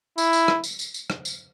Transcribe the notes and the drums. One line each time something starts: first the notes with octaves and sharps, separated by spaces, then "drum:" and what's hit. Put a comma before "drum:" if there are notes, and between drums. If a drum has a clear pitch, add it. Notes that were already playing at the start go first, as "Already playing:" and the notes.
E4, drum: tambourine
drum: tambourine
drum: rim click
drum: tambourine
drum: tambourine
drum: tambourine
drum: rim click
drum: tambourine